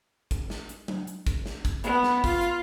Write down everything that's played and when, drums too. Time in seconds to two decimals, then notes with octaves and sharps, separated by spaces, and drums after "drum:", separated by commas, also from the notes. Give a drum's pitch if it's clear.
0.31 drum: kick, hi-hat
0.50 drum: snare
0.69 drum: hi-hat
0.88 drum: tom F#3
1.07 drum: hi-hat
1.27 drum: kick, hi-hat
1.46 drum: snare
1.65 drum: kick, hi-hat
1.84 B3, drum: hi-hat
2.03 drum: snare
2.24 F4, drum: kick, open hi-hat
2.41 drum: hi-hat